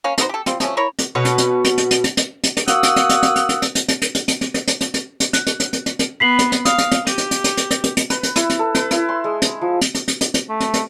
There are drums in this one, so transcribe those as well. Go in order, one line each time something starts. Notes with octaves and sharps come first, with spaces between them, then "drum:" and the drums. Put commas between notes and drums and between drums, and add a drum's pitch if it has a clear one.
A#3 C#4 F5
A3 B3 D#4 C5, drum: hi-hat
G4 A4
G3 C4 F4, drum: hi-hat
F3 A3 C#4, drum: hi-hat
E4 A#4 C#5
drum: hi-hat
B2 F#4 B4 C#5
drum: hi-hat
drum: hi-hat
drum: hi-hat
drum: hi-hat
drum: hi-hat
drum: hi-hat
drum: hi-hat
drum: hi-hat
drum: hi-hat
A#3 F#4 F#5 D#6 E6, drum: hi-hat
drum: hi-hat
drum: hi-hat
drum: hi-hat
drum: hi-hat
drum: hi-hat
drum: hi-hat
drum: hi-hat
drum: hi-hat
drum: hi-hat
drum: hi-hat
drum: hi-hat
drum: hi-hat
drum: hi-hat
drum: hi-hat
drum: hi-hat
drum: hi-hat
drum: hi-hat
drum: hi-hat
F#6, drum: hi-hat
drum: hi-hat
drum: hi-hat
drum: hi-hat
drum: hi-hat
drum: hi-hat
B3 B5 B6 C7 F#7
drum: hi-hat
drum: hi-hat
F5 D#6, drum: hi-hat
drum: hi-hat
drum: hi-hat
G4 D#7, drum: hi-hat
drum: hi-hat
drum: hi-hat
drum: hi-hat
drum: hi-hat
drum: hi-hat
drum: hi-hat
drum: hi-hat
B4, drum: hi-hat
drum: hi-hat
E4, drum: hi-hat
drum: hi-hat
A4
B4, drum: hi-hat
E4, drum: hi-hat
C6
G#3
drum: hi-hat
F3
drum: hi-hat
drum: hi-hat
drum: hi-hat
drum: hi-hat
drum: hi-hat
A3
drum: hi-hat
drum: hi-hat